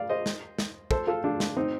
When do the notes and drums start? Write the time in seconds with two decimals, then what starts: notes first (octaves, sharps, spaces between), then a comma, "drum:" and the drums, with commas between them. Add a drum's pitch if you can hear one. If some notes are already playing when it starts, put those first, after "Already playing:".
Already playing: D5 F5
0.09 C5 D#5
0.26 drum: snare
0.59 drum: snare
0.91 A4 C5, drum: kick
1.07 F4 A4
1.24 D4 F4
1.40 drum: snare
1.57 C4 D#4